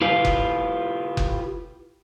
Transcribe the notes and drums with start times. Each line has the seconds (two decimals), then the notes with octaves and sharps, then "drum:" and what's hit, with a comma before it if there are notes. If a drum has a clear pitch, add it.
0.01 E4 F4 G4 B4 F5
0.25 drum: kick F#1
1.17 drum: kick F#1